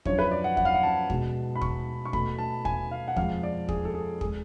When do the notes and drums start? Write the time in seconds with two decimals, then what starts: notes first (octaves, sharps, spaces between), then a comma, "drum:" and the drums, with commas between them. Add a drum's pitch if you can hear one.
0.05 F#2 D3 F3 C#5, drum: kick
0.19 B4
0.31 D5
0.44 F#5
0.57 F#5, drum: kick
0.65 F5
0.74 F#5
0.83 A5
1.10 B2 G#3, drum: kick
1.56 B5
1.61 C#6, drum: kick
2.05 C#6
2.13 B2 A3 B5, drum: kick
2.38 A5
2.65 G#5, drum: kick
2.91 F5
3.08 F#5
3.16 F2 F3 G#3 F5, drum: kick
3.43 D5
3.69 G#4, drum: kick
3.85 A4
3.95 G#4
4.21 G#4, drum: kick
4.25 G#3